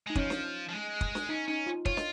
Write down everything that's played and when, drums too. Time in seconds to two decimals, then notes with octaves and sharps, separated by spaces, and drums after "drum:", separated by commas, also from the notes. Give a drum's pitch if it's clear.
0.07 G#3 D#4
0.15 F3 C#4, drum: kick
0.30 drum: snare
0.69 F3
0.73 G#3
1.01 drum: kick
1.15 drum: snare
1.29 C#4 D#4
1.48 C#4 D#4
1.66 F4
1.85 F4 C#5, drum: kick
1.97 D#5, drum: snare